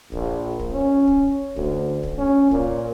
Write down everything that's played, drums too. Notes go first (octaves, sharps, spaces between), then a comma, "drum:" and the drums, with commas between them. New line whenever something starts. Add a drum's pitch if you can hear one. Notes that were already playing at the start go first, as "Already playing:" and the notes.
A#1, drum: kick
drum: kick
C#4
drum: kick
D2, drum: kick
drum: kick
C#4
A#2, drum: kick